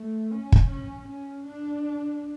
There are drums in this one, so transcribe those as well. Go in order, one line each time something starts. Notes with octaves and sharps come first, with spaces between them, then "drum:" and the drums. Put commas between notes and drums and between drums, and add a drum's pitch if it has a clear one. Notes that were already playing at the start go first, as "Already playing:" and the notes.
Already playing: A3
C#4
drum: kick
C#4
C#4
D4